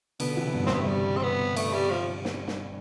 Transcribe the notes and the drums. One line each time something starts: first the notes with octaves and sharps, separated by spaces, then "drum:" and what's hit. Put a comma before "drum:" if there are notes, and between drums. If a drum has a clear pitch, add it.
B2 D3 B3, drum: cymbal
C3 E3
G2 B2
C4, drum: snare
G2 B3
A3
G3
C4
B3
A3, drum: cymbal
G3
F3
drum: snare
drum: snare